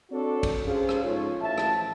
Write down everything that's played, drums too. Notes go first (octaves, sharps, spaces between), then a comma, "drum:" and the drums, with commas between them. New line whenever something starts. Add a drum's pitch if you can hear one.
C4 D4 F#4 A4 C#5 D5
drum: kick, cymbal
C#4 F4 G#4 A4 C5 C#5
drum: rim click
G#2 F3 F4 C#5
A1 F3 E5 A5
drum: rim click